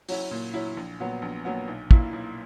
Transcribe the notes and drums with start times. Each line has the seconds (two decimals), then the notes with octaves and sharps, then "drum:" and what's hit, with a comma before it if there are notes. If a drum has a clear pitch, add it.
0.09 F#3 C#4 E4, drum: open hi-hat
0.31 A#2
0.54 F#3 C#4 E4
0.77 A#1
1.00 A#2 F#3 B3
1.22 A#1
1.45 A#2 F#3 B3
1.68 B1
1.91 A#2 A#3 E4, drum: kick
2.13 B1